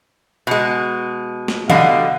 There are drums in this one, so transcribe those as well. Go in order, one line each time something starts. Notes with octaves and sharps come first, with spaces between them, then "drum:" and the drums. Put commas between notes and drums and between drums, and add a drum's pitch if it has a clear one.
B2 G#3
drum: snare
B2 D3 G3 D#5 F5 F#5, drum: tom